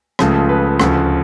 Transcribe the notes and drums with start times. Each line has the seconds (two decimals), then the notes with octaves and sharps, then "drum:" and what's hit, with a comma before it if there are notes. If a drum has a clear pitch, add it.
0.19 C#2 C#3 F3 A3, drum: rim click
0.49 B4
0.80 D2 C#3 F3, drum: rim click